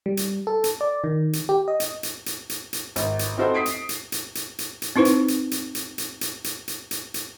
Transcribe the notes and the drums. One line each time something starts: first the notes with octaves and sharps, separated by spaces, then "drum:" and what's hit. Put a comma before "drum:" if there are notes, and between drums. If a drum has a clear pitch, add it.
G3
drum: hi-hat
A4
drum: hi-hat
D5
D#3
drum: hi-hat
G4
D#5
drum: hi-hat
drum: hi-hat
drum: hi-hat
drum: hi-hat
drum: hi-hat
G#1, drum: hi-hat
drum: hi-hat
C4 D#4 E4 F#4 A4 C5
D#6 B6 C7 D7
drum: hi-hat
drum: hi-hat
drum: hi-hat
drum: hi-hat
drum: hi-hat
drum: hi-hat
C4 D#4 E4 B4 C5
drum: hi-hat
drum: hi-hat
drum: hi-hat
drum: hi-hat
drum: hi-hat
drum: hi-hat
drum: hi-hat
drum: hi-hat
drum: hi-hat
drum: hi-hat